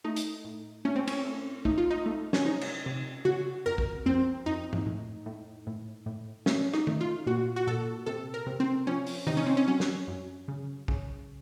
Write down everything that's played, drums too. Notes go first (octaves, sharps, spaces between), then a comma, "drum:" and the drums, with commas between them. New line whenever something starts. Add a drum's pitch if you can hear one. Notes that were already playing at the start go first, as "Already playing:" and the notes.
A3 D#4
drum: hi-hat
A2
A3 C#4
C4
C#4, drum: cymbal
A3
A3 D#4, drum: kick
F4
D#4
A3
C#4, drum: snare
C3 D#4
drum: cymbal
C3
C#3 F#4
F2 A#4
drum: kick
F2 C4
F2 D#4
drum: tom G#2
A2
A2
A2
A2
A3 C#4, drum: snare
D#4, drum: rim click
A3, drum: tom
F4
A#2 F#4
F#4
A#2 A4
C3 A4
A#4
C3
C4
F3 C#4
drum: open hi-hat
C3 D#4, drum: tom
C#4
C4
C#4
F#3 C#4
drum: snare
F#2
C#3
C#3, drum: kick